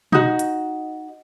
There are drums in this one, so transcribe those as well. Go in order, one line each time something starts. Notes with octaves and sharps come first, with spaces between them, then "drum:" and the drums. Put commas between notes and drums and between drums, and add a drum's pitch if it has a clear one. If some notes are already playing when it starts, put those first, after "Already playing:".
D#4 F#4, drum: tom B2
drum: hi-hat